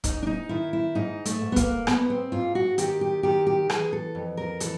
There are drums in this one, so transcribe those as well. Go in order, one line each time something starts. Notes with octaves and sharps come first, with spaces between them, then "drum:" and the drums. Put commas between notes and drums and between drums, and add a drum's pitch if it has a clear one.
G#2 D#4, drum: kick, hi-hat
D4
D#4
D#3 E4
E4
G#2 D#4
A3, drum: hi-hat
G#2
B3
A#3, drum: kick, hi-hat
G#2 B3, drum: rim click
C4
G#2 F4
F#4
D#3 G4, drum: hi-hat
G4
D#3 G4
G4
E3 G#4, drum: rim click
A4
F2
A#4
E3 A4, drum: hi-hat